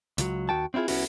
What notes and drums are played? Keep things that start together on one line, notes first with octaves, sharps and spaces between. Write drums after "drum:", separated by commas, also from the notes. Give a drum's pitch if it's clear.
C#2 D#3 F#3, drum: hi-hat
D#2 F#4 G5 A5
C4 D4 E4 F4 G#4
C2 C#3 B3 C#4 E4 F#4, drum: open hi-hat